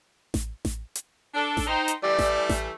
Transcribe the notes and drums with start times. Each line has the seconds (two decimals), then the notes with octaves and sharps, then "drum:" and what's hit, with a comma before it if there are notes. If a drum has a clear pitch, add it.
0.34 drum: snare A1
0.65 drum: snare A1
0.95 drum: hi-hat
1.34 D4 A4
1.57 drum: snare A1
1.67 D#4 C5 G5
1.88 drum: hi-hat
2.03 E3 G3 A3 D5
2.19 drum: snare A1
2.49 drum: snare A1